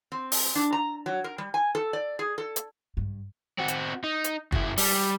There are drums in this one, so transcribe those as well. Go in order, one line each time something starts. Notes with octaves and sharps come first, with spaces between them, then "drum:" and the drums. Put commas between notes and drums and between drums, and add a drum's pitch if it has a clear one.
C4
drum: open hi-hat
D4
A#5
F#3
A#4
G3
G#5
A4
D5
G#4
A4
drum: hi-hat
G2
C4 F#4
drum: hi-hat
D#4
drum: hi-hat
F#2 E4, drum: kick
G3, drum: open hi-hat